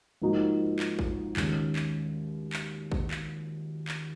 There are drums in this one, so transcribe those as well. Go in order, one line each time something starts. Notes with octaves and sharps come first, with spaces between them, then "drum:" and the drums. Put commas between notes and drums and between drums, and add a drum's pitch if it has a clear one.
G#2 F3 A#3 D#4 F#4
drum: clap
drum: kick
D#2 D#3 G#3 C#4, drum: clap
drum: clap
drum: clap
drum: kick
drum: clap
drum: clap